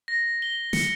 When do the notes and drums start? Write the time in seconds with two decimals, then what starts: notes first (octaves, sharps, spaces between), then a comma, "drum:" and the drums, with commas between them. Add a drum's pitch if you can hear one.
0.08 A#6
0.42 G7
0.73 C#7, drum: snare